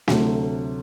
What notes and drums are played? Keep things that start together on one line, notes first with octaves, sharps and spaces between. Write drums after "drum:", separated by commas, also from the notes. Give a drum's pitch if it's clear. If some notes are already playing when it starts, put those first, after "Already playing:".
D2 C3 F#3 A3, drum: snare